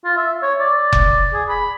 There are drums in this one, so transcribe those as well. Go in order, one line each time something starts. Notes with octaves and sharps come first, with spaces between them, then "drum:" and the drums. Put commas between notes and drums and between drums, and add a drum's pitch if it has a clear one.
F4
E5
C#5
D5
drum: kick F1
G#4
B5